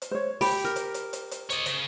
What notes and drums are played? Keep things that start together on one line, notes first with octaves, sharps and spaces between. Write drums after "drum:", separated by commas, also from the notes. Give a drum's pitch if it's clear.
drum: hi-hat
C5 C#5
G4 B5, drum: open hi-hat
A#4
drum: hi-hat
drum: hi-hat
drum: hi-hat
drum: hi-hat
C#5 D#5, drum: hi-hat
C#3, drum: hi-hat